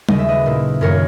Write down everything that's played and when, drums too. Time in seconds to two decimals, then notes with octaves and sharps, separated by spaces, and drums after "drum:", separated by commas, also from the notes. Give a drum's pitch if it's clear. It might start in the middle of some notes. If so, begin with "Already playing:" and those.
0.09 D#2 C#3 F#3 D#5, drum: tom G3
0.19 E5
0.29 B4 D#5
0.46 A#2 A#3 E4
0.81 F#2 D#3 A#3 A#4 C#5